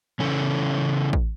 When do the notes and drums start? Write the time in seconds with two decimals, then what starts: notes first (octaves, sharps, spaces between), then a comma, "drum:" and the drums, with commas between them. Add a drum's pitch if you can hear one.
0.20 C#3 E3 C#4 A4
1.13 drum: kick A1